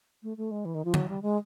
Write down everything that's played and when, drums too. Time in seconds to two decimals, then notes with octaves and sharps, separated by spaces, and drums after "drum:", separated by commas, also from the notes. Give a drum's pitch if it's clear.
0.23 A3
0.37 A3
0.51 G#3
0.65 E3
0.75 D#3
0.85 F3
0.94 F#3, drum: tom D3
1.09 G3
1.22 G#3